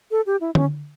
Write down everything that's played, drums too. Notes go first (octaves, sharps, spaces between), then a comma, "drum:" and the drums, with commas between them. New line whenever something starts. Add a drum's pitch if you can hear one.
A4
G4
E4
C#4, drum: tom D3